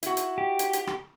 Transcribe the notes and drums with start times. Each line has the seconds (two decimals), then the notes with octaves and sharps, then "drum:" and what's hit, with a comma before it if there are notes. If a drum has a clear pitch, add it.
0.03 E4 F#4, drum: hi-hat
0.17 drum: hi-hat
0.38 G4
0.59 drum: hi-hat
0.73 drum: hi-hat
0.87 drum: rim click